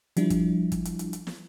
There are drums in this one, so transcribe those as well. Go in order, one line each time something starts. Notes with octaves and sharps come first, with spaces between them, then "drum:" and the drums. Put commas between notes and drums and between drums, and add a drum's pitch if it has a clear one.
F3 G3 D4 E4, drum: hi-hat
drum: kick, hi-hat
drum: kick, hi-hat
drum: hi-hat
drum: hi-hat
drum: hi-hat
drum: snare